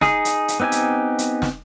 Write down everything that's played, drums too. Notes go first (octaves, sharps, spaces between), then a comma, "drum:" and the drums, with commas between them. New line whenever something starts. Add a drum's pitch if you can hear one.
D#4 G#4, drum: snare
drum: hi-hat
drum: hi-hat
B3 C4 D#4 G4 G#5
drum: hi-hat
drum: hi-hat
drum: snare